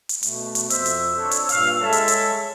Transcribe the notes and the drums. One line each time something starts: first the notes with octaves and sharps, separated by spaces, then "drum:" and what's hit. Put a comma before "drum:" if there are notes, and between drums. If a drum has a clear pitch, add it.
drum: hi-hat
B2 A3, drum: hi-hat
drum: hi-hat
F2 C5 E5 E6, drum: hi-hat
drum: hi-hat
D4 A4 C#5
drum: hi-hat
G2 A#2 F5, drum: hi-hat
G#3 A4 C#5 E5 A5
drum: hi-hat
drum: hi-hat